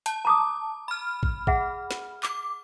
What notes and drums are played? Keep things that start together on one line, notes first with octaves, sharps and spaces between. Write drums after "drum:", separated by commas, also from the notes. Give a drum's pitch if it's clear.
A5, drum: hi-hat
A#5 D6 D#6
B5 F6
drum: kick
G#4 E5 F#5, drum: kick
drum: snare
D6, drum: clap